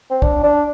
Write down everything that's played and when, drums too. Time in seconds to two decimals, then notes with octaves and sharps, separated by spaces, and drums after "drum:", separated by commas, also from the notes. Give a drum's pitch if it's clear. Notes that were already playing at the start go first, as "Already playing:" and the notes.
0.11 C4
0.22 D4, drum: kick
0.44 D4